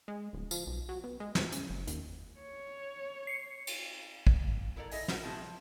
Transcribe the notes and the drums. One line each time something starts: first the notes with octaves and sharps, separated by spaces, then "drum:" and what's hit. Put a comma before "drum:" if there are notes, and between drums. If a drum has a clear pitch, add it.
G#3
D1
F3, drum: tambourine
B1
F#3
B2
G#3
E2, drum: snare
C#3, drum: hi-hat
F#1
D#2, drum: hi-hat
C#5
C7 C#7
drum: cymbal
drum: kick
E4 A4 A#4 C#5 D5
E4 A4 D#5 E5 G#5, drum: open hi-hat
A#4 F#5, drum: snare
B2 F3 G3 A3 E4 G#4
F3